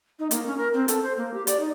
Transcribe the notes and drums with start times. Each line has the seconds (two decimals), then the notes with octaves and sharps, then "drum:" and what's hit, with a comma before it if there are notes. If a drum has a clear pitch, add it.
0.19 D#4
0.31 A#3, drum: hi-hat
0.46 C#4
0.58 A#4
0.73 C4
0.88 A4, drum: hi-hat
1.03 C5
1.17 A#3
1.34 G4
1.47 D5, drum: hi-hat
1.60 D#4